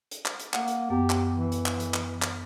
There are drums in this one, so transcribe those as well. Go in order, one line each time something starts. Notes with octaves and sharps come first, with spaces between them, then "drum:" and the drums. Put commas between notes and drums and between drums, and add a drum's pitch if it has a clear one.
drum: hi-hat
drum: clap
drum: hi-hat
A#3 F#5, drum: clap
drum: hi-hat
F#2 B3 G4
drum: clap
E3
drum: hi-hat
drum: clap
drum: hi-hat
drum: clap
drum: clap